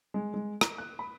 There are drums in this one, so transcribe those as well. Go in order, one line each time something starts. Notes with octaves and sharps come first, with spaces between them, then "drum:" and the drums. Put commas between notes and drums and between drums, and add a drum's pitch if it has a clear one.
G#3
G#3
A#5, drum: rim click
F#6
B5